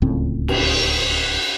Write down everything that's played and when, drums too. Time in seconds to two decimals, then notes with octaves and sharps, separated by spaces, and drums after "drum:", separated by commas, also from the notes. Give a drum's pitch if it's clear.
0.02 D1 C#2 A2 C4
0.48 drum: cymbal